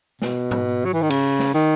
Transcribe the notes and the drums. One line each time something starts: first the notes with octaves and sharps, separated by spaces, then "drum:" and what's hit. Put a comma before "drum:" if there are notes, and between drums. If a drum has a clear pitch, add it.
B2, drum: snare
drum: tom G#2
F#3
E3
D#3
C#3, drum: cymbal
drum: snare
D#3